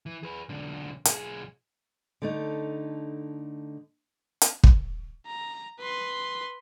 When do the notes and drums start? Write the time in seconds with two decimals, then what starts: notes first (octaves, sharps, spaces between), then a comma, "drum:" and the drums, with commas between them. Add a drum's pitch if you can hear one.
0.06 E3
0.23 G#4 B4
0.49 B1 D3
1.05 B1 G#4, drum: hi-hat
2.22 D3 A3 D#4
4.42 drum: hi-hat
4.64 drum: kick
5.26 A#5
5.80 B4 C6